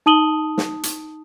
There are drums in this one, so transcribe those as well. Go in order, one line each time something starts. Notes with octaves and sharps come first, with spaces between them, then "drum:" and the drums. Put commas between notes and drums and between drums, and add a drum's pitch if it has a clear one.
D#4 A5 D#6 D#7 F#7 G7
drum: snare
drum: hi-hat